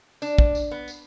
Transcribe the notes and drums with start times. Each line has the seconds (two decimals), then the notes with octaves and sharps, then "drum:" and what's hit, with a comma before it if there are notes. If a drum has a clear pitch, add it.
0.22 D4, drum: tambourine
0.38 drum: kick
0.55 drum: tambourine
0.71 B3
0.88 drum: tambourine